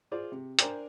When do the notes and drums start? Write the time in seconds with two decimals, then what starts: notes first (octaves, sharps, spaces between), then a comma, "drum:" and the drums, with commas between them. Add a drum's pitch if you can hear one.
0.12 F4 G#4 C5 D5
0.32 C3
0.59 D4 A#4 C5 D5 G5 G#5, drum: hi-hat